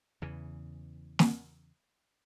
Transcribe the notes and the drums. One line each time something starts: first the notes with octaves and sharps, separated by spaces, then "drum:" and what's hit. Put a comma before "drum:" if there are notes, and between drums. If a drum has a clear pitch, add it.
E2 C#3 E3
drum: snare